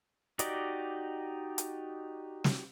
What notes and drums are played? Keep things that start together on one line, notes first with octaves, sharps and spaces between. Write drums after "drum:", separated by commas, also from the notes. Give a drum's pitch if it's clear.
D#4 F#4 G4 D5 D#5, drum: hi-hat
drum: hi-hat
drum: snare